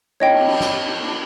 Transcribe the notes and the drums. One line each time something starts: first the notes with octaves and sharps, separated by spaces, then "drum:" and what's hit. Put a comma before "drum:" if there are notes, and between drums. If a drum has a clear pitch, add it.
C#5 D#5 G5, drum: cymbal
drum: cymbal
drum: cymbal
drum: snare
drum: cymbal
drum: cymbal